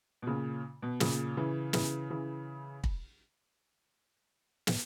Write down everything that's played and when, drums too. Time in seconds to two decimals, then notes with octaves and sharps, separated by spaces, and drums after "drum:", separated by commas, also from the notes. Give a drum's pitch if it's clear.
0.22 B2
0.27 A#2 C#3
0.82 B2
1.00 A#2 C#3, drum: snare
1.37 C#3 E3
1.73 C#3 E3, drum: snare
2.10 C#3 E3
2.84 drum: kick
4.67 drum: snare